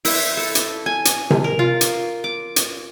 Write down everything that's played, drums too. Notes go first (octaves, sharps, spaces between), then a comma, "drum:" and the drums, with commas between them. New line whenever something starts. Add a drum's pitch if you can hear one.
E4, drum: open hi-hat
A4
drum: hi-hat
G#5
drum: hi-hat
drum: tom C3
A#4
F4
drum: hi-hat
D6
drum: hi-hat